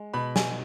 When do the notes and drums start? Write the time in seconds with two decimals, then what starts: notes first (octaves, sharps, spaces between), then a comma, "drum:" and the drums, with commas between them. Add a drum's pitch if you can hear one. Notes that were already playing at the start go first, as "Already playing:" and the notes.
Already playing: G#3
0.14 B2 B5
0.36 G#5, drum: snare